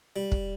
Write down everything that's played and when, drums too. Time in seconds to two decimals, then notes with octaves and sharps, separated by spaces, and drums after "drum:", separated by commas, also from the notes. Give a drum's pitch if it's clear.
0.16 G3
0.32 drum: kick